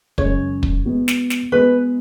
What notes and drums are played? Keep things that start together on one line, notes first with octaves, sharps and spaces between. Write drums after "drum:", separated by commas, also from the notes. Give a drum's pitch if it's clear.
F#2 C#3 G#3 C#4 C#5, drum: kick
drum: kick
G#3 B3 F#4
drum: snare
drum: snare
G#3 B3 F#4 B4